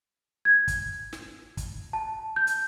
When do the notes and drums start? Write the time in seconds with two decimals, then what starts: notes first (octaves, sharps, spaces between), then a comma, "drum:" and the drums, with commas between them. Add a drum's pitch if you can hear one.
0.45 G#6
0.68 drum: kick, hi-hat
1.13 drum: snare
1.57 drum: kick, hi-hat
1.93 A5
2.36 G6
2.47 drum: hi-hat